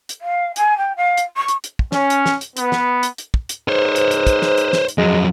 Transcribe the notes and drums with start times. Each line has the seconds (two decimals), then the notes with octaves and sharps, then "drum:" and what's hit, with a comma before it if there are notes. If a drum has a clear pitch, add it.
0.09 drum: hi-hat
0.22 F5
0.56 G#5, drum: hi-hat
0.78 G5
0.97 F5
1.17 drum: hi-hat
1.37 C#6
1.48 drum: hi-hat
1.64 drum: hi-hat
1.79 drum: kick
1.92 C#4, drum: snare
2.10 drum: hi-hat
2.26 drum: snare
2.41 drum: hi-hat
2.57 B3, drum: hi-hat
2.72 drum: snare
3.03 drum: hi-hat
3.18 drum: hi-hat
3.34 drum: kick
3.49 drum: hi-hat
3.68 G#2 C5 C#5
3.96 drum: hi-hat
4.11 drum: hi-hat
4.27 drum: kick, hi-hat
4.42 drum: snare
4.58 drum: hi-hat
4.73 drum: snare
4.88 drum: hi-hat
4.98 F2 F#3 G#3